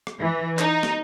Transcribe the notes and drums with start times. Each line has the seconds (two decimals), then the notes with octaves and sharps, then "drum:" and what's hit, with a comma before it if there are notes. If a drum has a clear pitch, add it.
0.07 drum: rim click
0.19 E3
0.59 D#4, drum: clap
0.83 drum: snare